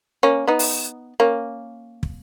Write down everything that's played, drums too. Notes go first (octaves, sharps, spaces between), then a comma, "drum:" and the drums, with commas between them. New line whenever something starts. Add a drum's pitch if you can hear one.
A#3 C#4
B3 D#4
drum: open hi-hat
A#3 C#4
drum: kick